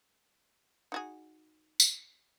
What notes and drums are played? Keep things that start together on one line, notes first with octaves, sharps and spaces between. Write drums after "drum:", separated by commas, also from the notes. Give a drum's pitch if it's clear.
D#4 F#4 G#4
drum: tambourine